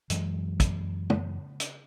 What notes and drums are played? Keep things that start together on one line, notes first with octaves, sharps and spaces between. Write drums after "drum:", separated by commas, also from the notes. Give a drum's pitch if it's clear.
F#2 E3 F#3 G#3, drum: hi-hat
drum: kick, hi-hat
drum: tom
drum: hi-hat